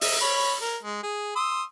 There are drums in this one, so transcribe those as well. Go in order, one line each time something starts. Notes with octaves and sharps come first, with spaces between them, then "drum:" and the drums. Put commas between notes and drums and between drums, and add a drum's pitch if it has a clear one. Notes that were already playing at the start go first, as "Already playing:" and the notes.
D#5 E5, drum: open hi-hat
C#5 B5
A#4
G#3
G#4
C6 D#6 E6